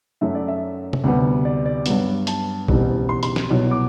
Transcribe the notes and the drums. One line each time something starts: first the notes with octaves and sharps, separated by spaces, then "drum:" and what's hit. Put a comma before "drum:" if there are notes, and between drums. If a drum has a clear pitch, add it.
F#2 F#3 A3 E5
D5
E5
drum: tom
D2 C3 G3 B3
D5
D5
G2 F#3 B3, drum: hi-hat
A5, drum: hi-hat
F#1 E2 B2 G3 C4, drum: kick A#1
C6
C6, drum: hi-hat
drum: snare
C2 B2 F#3
D6